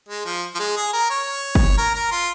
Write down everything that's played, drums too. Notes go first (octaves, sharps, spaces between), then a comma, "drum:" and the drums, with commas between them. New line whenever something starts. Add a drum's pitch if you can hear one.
G#3
F3
F3
G#3
G#4
A#4
C#5
drum: kick F#1
A#4
A#4
F4